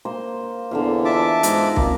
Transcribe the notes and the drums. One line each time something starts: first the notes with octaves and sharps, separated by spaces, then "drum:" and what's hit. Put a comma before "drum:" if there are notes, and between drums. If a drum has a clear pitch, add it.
A#3 C5 C6
E2 D3 C5 F5
F4 D#5 E5 A5 D6
G#2 A#5, drum: hi-hat
G#1 A#3, drum: kick